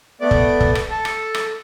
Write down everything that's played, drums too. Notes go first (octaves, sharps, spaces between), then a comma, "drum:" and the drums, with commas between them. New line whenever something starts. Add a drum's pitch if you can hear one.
A3 B3 D5
drum: kick
drum: kick
drum: rim click
A4
drum: rim click
drum: rim click